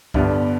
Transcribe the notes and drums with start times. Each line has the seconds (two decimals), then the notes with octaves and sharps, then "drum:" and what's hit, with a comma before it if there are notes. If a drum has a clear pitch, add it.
0.14 G1 G2 D3 B3 D4, drum: kick C2